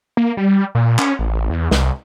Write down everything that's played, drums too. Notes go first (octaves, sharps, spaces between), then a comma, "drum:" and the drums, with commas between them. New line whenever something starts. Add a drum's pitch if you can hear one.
A#3
G3
A#2
C#4, drum: clap
A1
E2
C2, drum: snare